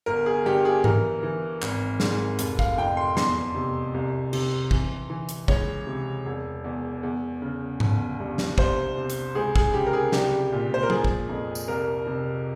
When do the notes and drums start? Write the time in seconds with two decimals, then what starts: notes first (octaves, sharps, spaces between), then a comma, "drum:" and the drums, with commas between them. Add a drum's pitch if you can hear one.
0.06 G1 A#4
0.26 G#4
0.46 G2 G4
0.65 G#4
0.84 E3 A#4, drum: tom G#2
1.23 E3
1.62 G#1, drum: clap
2.00 G#2, drum: snare
2.39 F1, drum: hi-hat
2.59 F5, drum: kick
2.78 F2 G5
2.97 C6
3.17 E2 C6, drum: snare
3.55 C3
3.94 C2
4.33 C3, drum: cymbal
4.71 E3, drum: kick
5.10 E3
5.29 drum: hi-hat
5.48 C#2 C#5, drum: kick
5.87 C3
6.26 E1
6.64 E2
7.03 E2
7.42 C#3
7.80 G1, drum: tom G#2
8.20 G2
8.38 drum: snare
8.58 C2 C5, drum: kick
8.97 C3
9.10 drum: hi-hat
9.35 C#2 G#4
9.56 G#4, drum: kick
9.74 C#3 G4
9.87 A#4
9.93 G#4
10.12 C2 G4, drum: snare
10.52 A#2
10.74 C5
10.83 A#4
10.90 F3 G#4, drum: tom F#3
11.05 drum: kick
11.29 F2
11.55 drum: tambourine
11.68 C2 A#4
12.07 C3